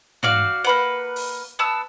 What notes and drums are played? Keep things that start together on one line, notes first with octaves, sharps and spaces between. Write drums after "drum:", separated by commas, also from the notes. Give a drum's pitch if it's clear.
F#4 D5 F5, drum: tom
A#3 B4 F#5
drum: open hi-hat
B3 A5 E6